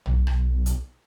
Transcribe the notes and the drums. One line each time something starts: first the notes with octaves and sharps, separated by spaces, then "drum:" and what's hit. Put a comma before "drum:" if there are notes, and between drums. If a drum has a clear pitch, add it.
B1, drum: tom A#1
drum: rim click
drum: hi-hat